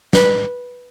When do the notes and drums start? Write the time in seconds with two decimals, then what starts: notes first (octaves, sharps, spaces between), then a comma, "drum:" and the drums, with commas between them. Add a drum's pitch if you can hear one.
0.13 B4, drum: snare